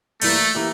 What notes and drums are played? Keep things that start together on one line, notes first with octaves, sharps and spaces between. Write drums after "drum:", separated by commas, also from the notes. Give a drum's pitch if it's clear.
G2 E3 A3 A#3, drum: cymbal
E3 A#3 E4 G4